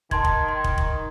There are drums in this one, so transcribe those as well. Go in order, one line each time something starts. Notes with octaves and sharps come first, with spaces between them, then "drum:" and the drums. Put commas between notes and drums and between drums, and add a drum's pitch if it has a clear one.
D#3 A5 C6 G#6, drum: kick
drum: kick
C6 G#6
drum: kick
drum: kick